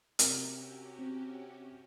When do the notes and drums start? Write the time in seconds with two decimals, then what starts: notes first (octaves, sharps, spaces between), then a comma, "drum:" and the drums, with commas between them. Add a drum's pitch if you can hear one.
0.19 C3 C#4 F#4 G4 A#4, drum: hi-hat
0.99 C4